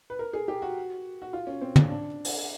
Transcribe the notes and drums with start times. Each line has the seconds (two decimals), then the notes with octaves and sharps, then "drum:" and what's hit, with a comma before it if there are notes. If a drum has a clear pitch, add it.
0.10 B4
0.19 A#4
0.33 G#4
0.48 G4
0.62 F#4
1.22 F#4
1.33 F4
1.47 C#4
1.61 C4
1.76 D4, drum: tom
1.90 D4
2.25 drum: open hi-hat